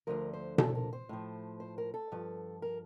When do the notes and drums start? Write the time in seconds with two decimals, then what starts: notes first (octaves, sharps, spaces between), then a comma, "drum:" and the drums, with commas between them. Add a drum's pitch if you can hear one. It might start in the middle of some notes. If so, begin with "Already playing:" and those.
0.07 D2 D3 F3 A#4
0.33 C5
0.58 A4, drum: tom B2
0.75 A#4
0.93 C5
1.09 A2 F3
1.60 C5
1.78 A#4
1.94 A4
2.12 G2 F3
2.62 A#4